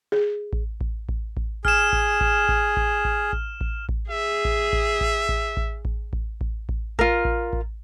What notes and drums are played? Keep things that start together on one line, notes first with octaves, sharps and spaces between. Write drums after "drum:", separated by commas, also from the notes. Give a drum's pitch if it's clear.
G#4
drum: kick A1
drum: kick A1
drum: kick A1
drum: kick A1
G#4 F6 E7, drum: kick A1
drum: kick A1
drum: kick A1
drum: kick A1
drum: kick A1
drum: kick A1
drum: kick A1
drum: kick A1
drum: kick A1
G#4 E5
drum: kick A1
drum: kick A1
drum: kick A1
drum: kick A1
drum: kick A1
drum: kick A1
drum: kick A1
drum: kick A1
drum: kick A1
F4 A#4, drum: kick A1
drum: kick A1
drum: kick A1